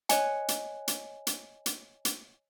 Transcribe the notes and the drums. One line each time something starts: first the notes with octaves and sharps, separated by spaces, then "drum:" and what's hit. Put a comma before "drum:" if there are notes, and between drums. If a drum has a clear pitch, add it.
C#5 D#5 G#5, drum: hi-hat
drum: hi-hat
drum: hi-hat
drum: hi-hat
drum: hi-hat
drum: hi-hat